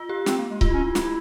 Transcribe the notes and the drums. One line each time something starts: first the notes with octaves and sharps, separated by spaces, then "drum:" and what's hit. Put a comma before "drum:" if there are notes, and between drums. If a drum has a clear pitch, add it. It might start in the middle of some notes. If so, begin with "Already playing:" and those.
Already playing: F4
G4
C4, drum: snare
A#3
G#3
G#3 F4, drum: kick C#1
E4
C#4
E4
E4 F4, drum: snare